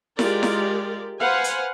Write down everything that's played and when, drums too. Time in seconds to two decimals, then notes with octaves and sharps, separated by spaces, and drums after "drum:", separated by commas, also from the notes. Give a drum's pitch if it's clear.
0.19 G#3 F4 G4 A#4 D5, drum: snare E4
0.43 drum: snare E4
1.20 B4 C5 F5 F#5 G#5
1.44 drum: hi-hat